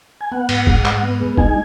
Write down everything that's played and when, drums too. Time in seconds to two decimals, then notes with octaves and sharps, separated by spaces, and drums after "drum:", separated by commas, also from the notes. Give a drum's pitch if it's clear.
0.21 G#5
0.31 B3 F#5
0.49 G#2, drum: cymbal
0.67 G#3, drum: kick
0.85 G#2, drum: clap
1.03 B3
1.20 G#3
1.37 D#4 G#5, drum: kick